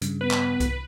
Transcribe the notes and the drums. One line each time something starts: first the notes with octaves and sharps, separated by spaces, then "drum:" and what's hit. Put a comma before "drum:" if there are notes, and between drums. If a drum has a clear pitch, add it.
G2 C#3, drum: hi-hat
B3 B4
drum: clap
drum: kick C2, hi-hat